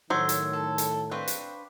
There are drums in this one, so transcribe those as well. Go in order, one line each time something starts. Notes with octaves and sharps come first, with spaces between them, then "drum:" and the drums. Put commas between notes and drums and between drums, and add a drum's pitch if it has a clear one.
A2 D#3 F#3 C5 C6 E6 G#6
drum: hi-hat
A4
drum: hi-hat
C4 D4 B4 C5 F5 C#6
drum: hi-hat